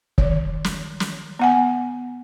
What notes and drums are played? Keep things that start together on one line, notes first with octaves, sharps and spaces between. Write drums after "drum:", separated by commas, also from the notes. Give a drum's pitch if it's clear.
D#3 C#5, drum: kick
drum: snare
drum: snare
B3 F#5 G#5